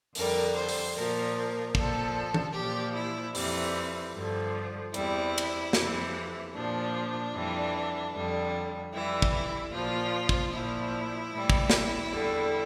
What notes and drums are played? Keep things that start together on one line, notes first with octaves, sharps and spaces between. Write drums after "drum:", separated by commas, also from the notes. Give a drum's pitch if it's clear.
F2 D3 G3 A#4, drum: open hi-hat
C5
drum: open hi-hat
A#2 F3 A#4
A#2 F3 A4, drum: kick
drum: tom E3
A#2 F3 G4
E4
F2 C3 E3 G3, drum: open hi-hat
G2 D3 F3
E2 C3 G3 E4, drum: hi-hat
drum: cymbal
F2 C3 E3, drum: snare
A#2 F3 D4
F2 E3 G3
F2 D3 G3
F2 E3 G3 E4
drum: kick
E4
A#2 F3 F4
drum: kick
A#2 F3 E4
A2 E3 G3
drum: kick
drum: snare
E2 D3 G3